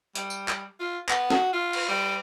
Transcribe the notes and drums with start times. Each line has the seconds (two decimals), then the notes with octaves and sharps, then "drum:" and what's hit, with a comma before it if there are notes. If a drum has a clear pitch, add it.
0.15 G3, drum: hi-hat
0.30 drum: tambourine
0.48 drum: clap
0.80 F4
1.09 B3, drum: clap
1.30 F#4, drum: snare
1.53 F4
1.73 drum: cymbal
1.89 G3